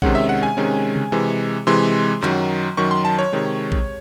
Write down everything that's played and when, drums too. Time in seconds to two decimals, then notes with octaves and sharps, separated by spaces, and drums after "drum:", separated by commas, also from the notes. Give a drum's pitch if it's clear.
0.02 C3 D#3 G#3 C#4 F#5, drum: kick A#1
0.15 E5
0.29 F#5
0.43 G#5
0.57 C3 D#3 G#3 C#4
0.96 drum: tom C3
1.12 C3 E3 G#3
1.67 C3 E3 G#3 C6
2.22 F#2 D#3 F#3, drum: clap
2.77 F#2 D#3 F#3 C#6
2.91 C6
3.05 A5
3.19 C#5
3.32 C3 D#3 G#3
3.72 drum: kick A#1